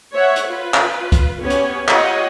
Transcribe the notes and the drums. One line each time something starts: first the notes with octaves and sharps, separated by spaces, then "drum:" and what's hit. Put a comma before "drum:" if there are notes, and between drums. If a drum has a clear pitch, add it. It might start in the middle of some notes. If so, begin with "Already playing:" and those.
C#5 E5 F#5
drum: hi-hat
F4 B4
drum: clap
drum: kick C2, hi-hat
B3 C#4 G4 C#5
drum: hi-hat
F4 G4 C#5 D#5 F#5 G5, drum: clap